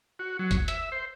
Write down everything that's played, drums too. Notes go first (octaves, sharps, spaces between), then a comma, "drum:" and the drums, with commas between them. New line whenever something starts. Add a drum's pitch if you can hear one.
F#4
F#3
drum: kick, hi-hat
E5, drum: hi-hat
C5